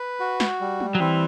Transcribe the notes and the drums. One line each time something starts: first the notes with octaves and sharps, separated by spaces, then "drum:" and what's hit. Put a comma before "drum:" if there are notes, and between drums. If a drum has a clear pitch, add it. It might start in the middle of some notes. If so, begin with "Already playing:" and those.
Already playing: B4
F#4
drum: snare
G3
drum: tom
F#3
E3 C4